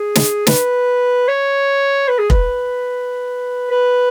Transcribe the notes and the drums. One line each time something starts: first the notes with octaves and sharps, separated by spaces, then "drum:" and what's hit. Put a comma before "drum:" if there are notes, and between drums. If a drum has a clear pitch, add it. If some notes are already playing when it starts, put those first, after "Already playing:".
Already playing: G#4
drum: snare
B4, drum: snare
C#5
B4
G#4
B4, drum: kick
B4